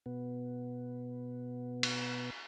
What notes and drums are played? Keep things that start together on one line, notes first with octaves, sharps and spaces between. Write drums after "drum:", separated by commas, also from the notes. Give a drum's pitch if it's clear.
B2 B3
drum: cymbal